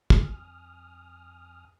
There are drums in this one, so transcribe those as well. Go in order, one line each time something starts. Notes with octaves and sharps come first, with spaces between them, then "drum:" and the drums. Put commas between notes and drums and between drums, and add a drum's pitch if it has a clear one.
F2 G#5 D#6 F6, drum: kick